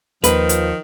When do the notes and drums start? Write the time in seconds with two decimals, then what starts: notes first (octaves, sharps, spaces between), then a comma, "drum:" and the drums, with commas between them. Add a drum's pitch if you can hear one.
0.24 D#2 D#3 F3 A#3 B4, drum: hi-hat
0.49 drum: hi-hat